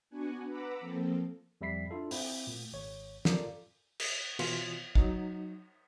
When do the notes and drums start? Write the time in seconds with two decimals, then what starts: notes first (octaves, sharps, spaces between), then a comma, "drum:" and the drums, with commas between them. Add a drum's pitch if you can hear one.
0.10 B3 D4 F#4 F#5 G#5
0.47 B4 F#5 A#5 B5 D6 E6
0.81 F3 A#3 C4 A4
1.61 F2 G3 E5 B5 B6 C7
1.91 D4 E4 F4 A4
2.11 C4 E4, drum: open hi-hat
2.47 A#2 A3
2.73 G#1 C#5
3.25 F4 A4 A#4 D5 F5, drum: snare
4.00 drum: cymbal
4.39 B2 E3 F4, drum: cymbal
4.95 F#3 D#4, drum: kick